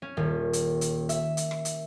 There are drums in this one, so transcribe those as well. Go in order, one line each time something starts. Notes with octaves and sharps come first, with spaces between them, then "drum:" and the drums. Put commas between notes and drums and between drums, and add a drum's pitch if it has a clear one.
C#4
D#1
drum: hi-hat
drum: hi-hat
E5, drum: hi-hat
drum: hi-hat
drum: rim click
drum: hi-hat